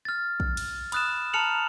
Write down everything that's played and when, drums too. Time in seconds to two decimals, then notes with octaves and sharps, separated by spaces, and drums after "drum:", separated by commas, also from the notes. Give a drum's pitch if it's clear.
0.05 F6 A6
0.40 drum: kick
0.57 drum: cymbal
0.92 B5 D#6 F#6 A6 E7, drum: cymbal
1.33 A5 A#5 F6 C#7 F7 F#7